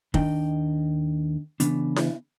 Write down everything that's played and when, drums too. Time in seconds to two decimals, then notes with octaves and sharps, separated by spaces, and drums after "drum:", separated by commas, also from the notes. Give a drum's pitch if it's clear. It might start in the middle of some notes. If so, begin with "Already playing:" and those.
0.14 D#2 D#3 D4 D#5 G5, drum: kick
1.60 C#3 E3 B3 D4, drum: hi-hat
1.96 drum: snare E4